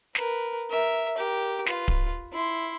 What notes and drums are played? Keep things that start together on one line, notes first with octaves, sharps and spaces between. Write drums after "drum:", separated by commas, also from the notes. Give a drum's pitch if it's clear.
A#4 B4, drum: snare
A#4 E5
G4 A#4
F4 B4, drum: snare
drum: kick D1
E4 C6